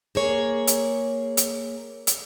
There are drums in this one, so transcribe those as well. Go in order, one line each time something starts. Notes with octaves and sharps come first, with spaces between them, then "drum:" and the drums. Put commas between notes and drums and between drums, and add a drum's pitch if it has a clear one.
A#3 G#4 C#5
drum: hi-hat
drum: hi-hat
drum: hi-hat